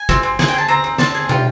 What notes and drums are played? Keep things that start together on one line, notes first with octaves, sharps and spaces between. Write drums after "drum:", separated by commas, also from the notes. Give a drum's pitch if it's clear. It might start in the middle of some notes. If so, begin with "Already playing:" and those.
Already playing: G#5
C4, drum: kick, hi-hat
C4
G#4 G#5, drum: snare
G5
G#4 A5
C4 A#5
C4
C4 A5, drum: snare
G#4
F4 G5, drum: tom